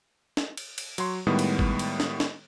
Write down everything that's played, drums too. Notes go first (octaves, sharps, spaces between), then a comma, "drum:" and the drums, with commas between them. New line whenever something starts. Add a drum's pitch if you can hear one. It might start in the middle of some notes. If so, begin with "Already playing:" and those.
drum: snare
drum: cymbal
drum: cymbal
F#3 C#5 C6, drum: cymbal
A2 D#3 G3 G#3 B3
drum: cymbal
drum: kick
drum: cymbal
drum: snare
drum: snare